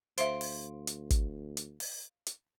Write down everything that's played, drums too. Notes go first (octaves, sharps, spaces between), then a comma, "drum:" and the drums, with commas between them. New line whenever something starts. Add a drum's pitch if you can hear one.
D2 C5 E5 F5 C6 D7, drum: hi-hat
drum: open hi-hat
drum: hi-hat
drum: kick, hi-hat
drum: hi-hat
drum: open hi-hat
drum: hi-hat